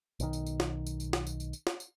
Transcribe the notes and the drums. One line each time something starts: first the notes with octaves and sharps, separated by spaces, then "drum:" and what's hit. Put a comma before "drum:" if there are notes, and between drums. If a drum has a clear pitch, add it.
B1 D#3, drum: tambourine
drum: tambourine
drum: tambourine
drum: snare
drum: tambourine
drum: tambourine
drum: snare
drum: tambourine
drum: tambourine
drum: tambourine
drum: snare
drum: tambourine